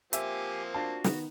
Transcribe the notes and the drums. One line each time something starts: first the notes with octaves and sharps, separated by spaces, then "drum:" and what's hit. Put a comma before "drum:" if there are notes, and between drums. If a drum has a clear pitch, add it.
F3 A#3 C4 G4 E5 G#5, drum: hi-hat
D4 F4 F#4 A5
D#3 B3, drum: snare